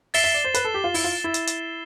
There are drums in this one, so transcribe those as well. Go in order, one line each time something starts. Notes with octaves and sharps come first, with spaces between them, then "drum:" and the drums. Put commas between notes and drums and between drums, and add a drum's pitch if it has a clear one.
E5 A6 C7 E7 G7, drum: open hi-hat
E5
D5
C5
B4, drum: hi-hat
A4
G4
F4
E4, drum: open hi-hat
F4
E4
drum: hi-hat
drum: hi-hat